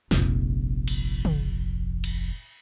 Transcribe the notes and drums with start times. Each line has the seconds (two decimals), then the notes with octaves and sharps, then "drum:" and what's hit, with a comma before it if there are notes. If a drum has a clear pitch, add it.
0.11 F1 A#1, drum: snare
0.88 drum: cymbal
1.25 drum: tom
2.04 drum: cymbal